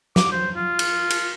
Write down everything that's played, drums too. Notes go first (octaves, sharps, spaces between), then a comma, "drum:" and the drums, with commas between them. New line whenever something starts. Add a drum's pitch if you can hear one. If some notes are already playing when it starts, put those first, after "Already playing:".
D6, drum: snare
C5
F4
drum: cymbal
drum: cymbal